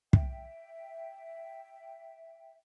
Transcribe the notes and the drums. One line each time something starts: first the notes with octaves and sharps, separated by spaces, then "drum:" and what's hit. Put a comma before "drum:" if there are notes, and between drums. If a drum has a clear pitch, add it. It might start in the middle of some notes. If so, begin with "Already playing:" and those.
E5 G5, drum: kick